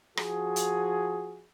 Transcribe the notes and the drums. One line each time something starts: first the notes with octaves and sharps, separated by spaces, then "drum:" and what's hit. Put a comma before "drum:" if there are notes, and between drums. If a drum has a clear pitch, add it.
F3 F#4 G#4, drum: rim click
drum: hi-hat